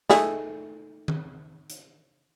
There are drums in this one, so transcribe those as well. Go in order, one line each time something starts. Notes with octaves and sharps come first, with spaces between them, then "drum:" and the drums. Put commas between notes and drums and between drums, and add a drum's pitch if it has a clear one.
D#3 A3 G#4, drum: snare
drum: tom D#3
drum: hi-hat